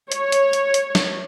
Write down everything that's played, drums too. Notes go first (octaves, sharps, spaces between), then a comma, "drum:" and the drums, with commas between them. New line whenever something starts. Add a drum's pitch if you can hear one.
C#5, drum: hi-hat
drum: hi-hat
drum: hi-hat
drum: hi-hat
drum: snare